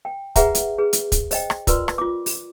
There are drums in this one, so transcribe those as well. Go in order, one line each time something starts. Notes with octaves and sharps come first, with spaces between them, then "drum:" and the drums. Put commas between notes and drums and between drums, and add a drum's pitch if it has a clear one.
G5
G#4 B4 E5 F#5 A#5, drum: kick, hi-hat
drum: hi-hat
G#4 B4
drum: hi-hat
drum: kick, hi-hat
C5 D#5 G5, drum: open hi-hat
drum: rim click
F4 A#4 B4 D5 C6, drum: kick, hi-hat
drum: rim click
F4 D6
drum: open hi-hat